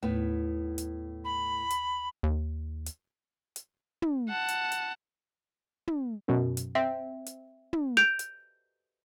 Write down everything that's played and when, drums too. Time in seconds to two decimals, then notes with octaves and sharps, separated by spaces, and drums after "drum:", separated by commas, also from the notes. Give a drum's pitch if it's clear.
0.03 D#2 A2 B3
0.78 drum: hi-hat
1.24 B5
1.70 drum: hi-hat
2.23 D#2
2.86 drum: hi-hat
3.56 drum: hi-hat
4.02 drum: tom
4.29 F#5 A5
4.48 drum: hi-hat
4.72 drum: hi-hat
5.87 drum: tom
6.28 F#2 B2
6.57 drum: hi-hat
6.75 C4 E5
7.26 drum: hi-hat
7.73 drum: tom
7.97 G6 D7 F7
8.19 drum: hi-hat